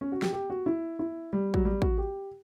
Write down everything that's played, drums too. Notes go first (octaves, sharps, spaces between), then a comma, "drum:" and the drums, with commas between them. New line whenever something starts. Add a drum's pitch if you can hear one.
C#4
F#4
G4, drum: snare
G4
F#4
E4
E4
G3
F#3, drum: kick
G3
F#4, drum: kick
G4